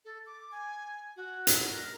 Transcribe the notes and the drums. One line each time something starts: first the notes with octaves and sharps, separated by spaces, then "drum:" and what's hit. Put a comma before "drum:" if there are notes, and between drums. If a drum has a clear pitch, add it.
A4
D6
G#5
F#4
drum: hi-hat
A#4